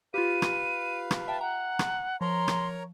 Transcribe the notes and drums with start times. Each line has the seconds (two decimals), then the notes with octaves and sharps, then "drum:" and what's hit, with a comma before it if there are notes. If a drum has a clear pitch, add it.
0.14 F4 G4 B4 F5 D#7
0.42 drum: rim click
1.11 drum: rim click
1.28 E5 G5 A5
1.41 F#5 A#5
1.79 drum: rim click
2.21 F3 A#4 C#5 A#5 C6
2.48 drum: rim click